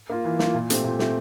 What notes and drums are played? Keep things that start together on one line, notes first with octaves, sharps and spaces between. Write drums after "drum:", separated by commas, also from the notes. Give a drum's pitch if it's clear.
A#3 F4
E3
A#3 F4, drum: snare
A#2
A3 C4 G4, drum: hi-hat
A#2
A3 C4 G4, drum: snare